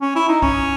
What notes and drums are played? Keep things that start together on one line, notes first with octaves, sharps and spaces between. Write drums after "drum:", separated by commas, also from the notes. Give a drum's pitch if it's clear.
C#4
E4
D#4
C#4, drum: kick B1